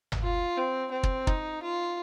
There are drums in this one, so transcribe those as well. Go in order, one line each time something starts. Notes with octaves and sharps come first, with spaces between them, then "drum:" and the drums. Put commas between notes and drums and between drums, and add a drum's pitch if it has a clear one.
drum: tom G1
F4
C4
C4
drum: kick
D#4, drum: kick
F4